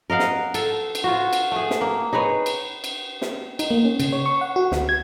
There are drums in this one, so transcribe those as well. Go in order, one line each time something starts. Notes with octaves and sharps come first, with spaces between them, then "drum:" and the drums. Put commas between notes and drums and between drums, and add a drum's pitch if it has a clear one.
A#4 D#5 F5 F#5
drum: snare
A4, drum: cymbal
drum: cymbal
F4 F#4
drum: cymbal
A3 G#4
drum: snare
A#3
D#4 G#4 B4 C#5
drum: cymbal
drum: cymbal
drum: snare
D#4, drum: cymbal
A#3
C#4
C#3, drum: cymbal
C#5
C#6
F#5
F#4
D2, drum: snare
G#6